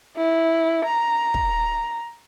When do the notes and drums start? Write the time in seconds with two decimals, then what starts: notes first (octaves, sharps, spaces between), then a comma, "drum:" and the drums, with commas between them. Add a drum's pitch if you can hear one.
0.17 E4
0.85 A#5
1.34 drum: kick